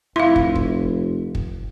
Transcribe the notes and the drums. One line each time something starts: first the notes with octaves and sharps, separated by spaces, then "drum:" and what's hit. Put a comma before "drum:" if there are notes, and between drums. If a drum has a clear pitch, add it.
F1 E4 F5 C6
drum: kick
drum: kick
drum: kick